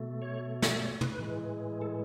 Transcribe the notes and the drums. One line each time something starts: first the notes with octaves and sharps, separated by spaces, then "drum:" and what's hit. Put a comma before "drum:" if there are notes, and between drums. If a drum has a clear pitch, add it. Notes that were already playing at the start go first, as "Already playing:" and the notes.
Already playing: B2 A3
C#5
F#5, drum: snare
E5
D5
C#5
B4, drum: tom
A2 E3 G#3
A4